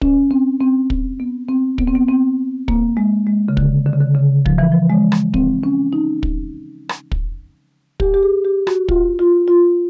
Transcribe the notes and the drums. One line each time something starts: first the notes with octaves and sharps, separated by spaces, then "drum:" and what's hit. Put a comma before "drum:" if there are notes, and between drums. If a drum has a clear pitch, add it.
C#4, drum: kick
C4
C4
drum: kick
B3
C4
B3, drum: kick
C4
B3
C4
A#3, drum: kick
G#3
G#3
C#3
D3, drum: kick
D3
C#3
D3
C#3
F3, drum: kick
E3
F3
G#3
drum: rim click
C4, drum: kick
C#4
D#4
drum: kick
drum: rim click
drum: kick
G4, drum: kick
G4
G#4
G4
F#4, drum: rim click
F4, drum: kick
F4
F4